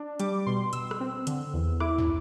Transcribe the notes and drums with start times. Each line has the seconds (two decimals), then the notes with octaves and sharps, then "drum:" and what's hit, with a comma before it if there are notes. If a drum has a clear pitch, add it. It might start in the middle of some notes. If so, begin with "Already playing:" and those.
Already playing: D4
0.20 G3 D6, drum: hi-hat
0.46 B2 C6
0.73 B2 E6, drum: hi-hat
0.91 drum: rim click
1.00 C4
1.27 D3, drum: hi-hat
1.54 E2
1.80 E4 D6, drum: rim click
1.98 drum: tom